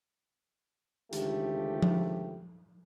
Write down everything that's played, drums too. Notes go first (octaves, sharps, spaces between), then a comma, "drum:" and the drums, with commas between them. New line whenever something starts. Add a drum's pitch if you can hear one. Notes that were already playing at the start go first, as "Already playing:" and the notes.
C#2 D3 D#3 F3 A3 G4, drum: hi-hat
drum: tom F3